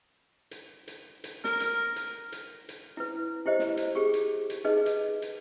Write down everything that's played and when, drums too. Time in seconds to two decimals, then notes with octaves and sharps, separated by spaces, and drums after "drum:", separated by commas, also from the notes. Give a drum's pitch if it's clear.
0.51 drum: hi-hat
0.88 drum: hi-hat
1.24 drum: hi-hat
1.44 A#4, drum: snare
1.60 drum: hi-hat
1.96 drum: hi-hat
2.32 drum: hi-hat
2.69 drum: hi-hat
2.97 E4 B4
3.46 E4 G4 C5 D#5
3.59 drum: snare
3.77 drum: hi-hat
3.95 G4 G#4 C#6
4.13 drum: hi-hat
4.50 drum: hi-hat
4.64 D#4 G#4 B4 D#5
4.86 drum: hi-hat
5.22 drum: hi-hat